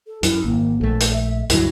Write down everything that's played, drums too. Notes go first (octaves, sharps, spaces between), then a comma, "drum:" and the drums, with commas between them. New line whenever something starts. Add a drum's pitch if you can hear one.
A4
F#2 E4, drum: hi-hat
G#1 A#3
A#1 A3 A4
drum: hi-hat
E5
D2 G2 F#3 E4, drum: hi-hat